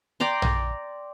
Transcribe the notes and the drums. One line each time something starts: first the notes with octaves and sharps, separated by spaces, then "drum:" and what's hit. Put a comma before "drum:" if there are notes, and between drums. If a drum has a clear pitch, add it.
D5 G5 A#5 C6
drum: tom A#1